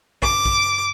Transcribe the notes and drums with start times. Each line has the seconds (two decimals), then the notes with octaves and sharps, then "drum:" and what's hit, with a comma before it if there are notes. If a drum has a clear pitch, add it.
0.23 D6, drum: kick
0.45 drum: kick